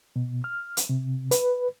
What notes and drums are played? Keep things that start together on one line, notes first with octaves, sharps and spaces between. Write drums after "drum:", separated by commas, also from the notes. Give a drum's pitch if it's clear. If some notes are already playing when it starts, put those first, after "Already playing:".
B2
F6
drum: hi-hat
C3
B4, drum: hi-hat